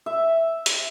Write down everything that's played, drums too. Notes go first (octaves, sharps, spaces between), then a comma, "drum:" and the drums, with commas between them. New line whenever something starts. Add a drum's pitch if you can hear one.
E5
drum: hi-hat